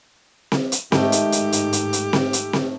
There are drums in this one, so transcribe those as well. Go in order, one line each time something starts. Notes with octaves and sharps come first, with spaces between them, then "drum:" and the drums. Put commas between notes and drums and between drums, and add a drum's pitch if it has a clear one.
drum: snare C4
drum: hi-hat
G#2 D#3 A3 G4, drum: snare C4
drum: hi-hat
drum: hi-hat
drum: hi-hat
drum: hi-hat
drum: hi-hat
drum: snare C4
drum: hi-hat
drum: snare C4